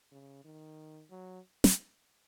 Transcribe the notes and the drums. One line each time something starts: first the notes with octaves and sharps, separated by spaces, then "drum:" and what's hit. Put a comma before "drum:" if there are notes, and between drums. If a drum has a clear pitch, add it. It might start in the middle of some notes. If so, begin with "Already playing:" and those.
C#3
D#3
F#3
drum: snare